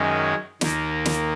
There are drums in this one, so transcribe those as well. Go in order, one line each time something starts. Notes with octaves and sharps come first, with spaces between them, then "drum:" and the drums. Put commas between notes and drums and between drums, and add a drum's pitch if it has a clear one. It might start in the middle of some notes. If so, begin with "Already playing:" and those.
Already playing: F#2 D#3 G#3 C#4
D#2 D#3 A#3, drum: snare
drum: snare